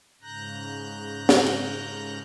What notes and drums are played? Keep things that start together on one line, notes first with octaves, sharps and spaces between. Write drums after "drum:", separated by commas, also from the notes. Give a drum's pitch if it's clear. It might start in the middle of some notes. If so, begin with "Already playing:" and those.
G#2 C#3 A#5 F#6 G6 A#6
drum: snare
drum: cymbal